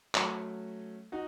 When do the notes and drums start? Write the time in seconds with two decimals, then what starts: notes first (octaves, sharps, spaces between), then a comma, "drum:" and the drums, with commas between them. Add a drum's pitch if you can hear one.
0.15 F#3 A3 C#4, drum: clap
1.12 D#4 F#4